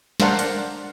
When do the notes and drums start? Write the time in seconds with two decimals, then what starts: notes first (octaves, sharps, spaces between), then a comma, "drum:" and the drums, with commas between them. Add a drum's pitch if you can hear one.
0.20 D4 A#4 C5 F5 F#5 A5, drum: snare
0.39 drum: hi-hat